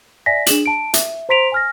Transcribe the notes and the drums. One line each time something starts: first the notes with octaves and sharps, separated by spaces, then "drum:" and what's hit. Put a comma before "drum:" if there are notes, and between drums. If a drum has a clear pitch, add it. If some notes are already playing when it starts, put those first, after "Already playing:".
D5 E5 G#5 A#6 B6
D4 G#4 E7 F#7, drum: hi-hat
A5 D7
E5, drum: hi-hat
C5 A#5 C6 B6 D7 F7
G#5 F6 A#6